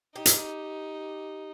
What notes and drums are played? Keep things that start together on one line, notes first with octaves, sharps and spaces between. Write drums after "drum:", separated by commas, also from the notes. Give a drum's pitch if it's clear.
D#4 G4
drum: hi-hat